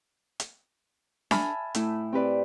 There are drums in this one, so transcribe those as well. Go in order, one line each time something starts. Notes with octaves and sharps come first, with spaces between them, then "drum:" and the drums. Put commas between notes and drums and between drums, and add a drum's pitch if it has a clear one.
drum: hi-hat
E5 G#5 A5 B5 F6, drum: snare D4
A2 A3 E4 E6, drum: hi-hat
C4 G4 B4 D5